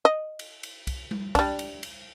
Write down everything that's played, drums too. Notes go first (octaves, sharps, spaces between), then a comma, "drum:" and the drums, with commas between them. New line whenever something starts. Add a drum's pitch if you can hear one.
D#5
drum: cymbal
drum: cymbal
drum: kick, cymbal
drum: tom G3
G3 D4, drum: kick, cymbal
drum: cymbal
drum: cymbal